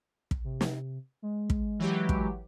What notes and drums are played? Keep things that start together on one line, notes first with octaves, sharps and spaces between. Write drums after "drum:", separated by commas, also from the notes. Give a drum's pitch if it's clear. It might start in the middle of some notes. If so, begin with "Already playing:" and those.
drum: kick
C3
drum: snare
G#3
drum: kick
E3 F#3 G4
drum: kick